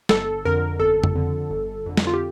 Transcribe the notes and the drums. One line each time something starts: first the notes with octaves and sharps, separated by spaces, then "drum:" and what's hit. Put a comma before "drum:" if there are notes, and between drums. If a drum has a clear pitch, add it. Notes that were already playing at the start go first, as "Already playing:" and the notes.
G1 A4, drum: snare
F2 D3 A#4
G1 A4
drum: tom
F2 D3
G1
F2 D3
drum: snare
F4
G4